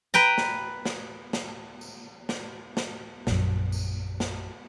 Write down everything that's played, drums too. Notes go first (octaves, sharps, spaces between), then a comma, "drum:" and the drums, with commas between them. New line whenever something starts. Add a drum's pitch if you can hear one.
B4 G5 A#5
drum: snare
drum: snare
drum: snare
drum: tambourine
drum: snare
drum: snare
A#1 F#2, drum: snare
drum: tambourine
drum: snare